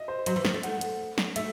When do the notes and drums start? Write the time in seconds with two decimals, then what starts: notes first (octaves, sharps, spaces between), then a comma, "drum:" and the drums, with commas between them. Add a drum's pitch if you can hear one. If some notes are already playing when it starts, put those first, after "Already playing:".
Already playing: D#5 E5
0.08 C5
0.26 F#3 C5, drum: hi-hat
0.36 E3
0.45 D#3, drum: snare
0.54 A3
0.63 F#5, drum: hi-hat
0.81 drum: hi-hat
1.18 drum: snare
1.36 A3 E5, drum: hi-hat